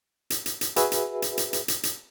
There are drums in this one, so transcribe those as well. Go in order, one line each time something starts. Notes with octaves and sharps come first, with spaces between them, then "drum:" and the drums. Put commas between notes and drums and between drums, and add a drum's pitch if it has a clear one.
drum: hi-hat
drum: hi-hat
drum: hi-hat
F#4 G#4 B4 E5, drum: hi-hat
drum: hi-hat
drum: hi-hat
drum: hi-hat
drum: hi-hat
drum: hi-hat
drum: hi-hat